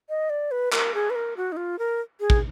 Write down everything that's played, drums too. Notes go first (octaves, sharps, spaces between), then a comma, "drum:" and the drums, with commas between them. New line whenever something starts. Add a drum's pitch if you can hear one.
D#5
D5
B4
A#4, drum: clap
G#4
B4
A#4
F#4
D#4
F4
A#4
G#4
drum: kick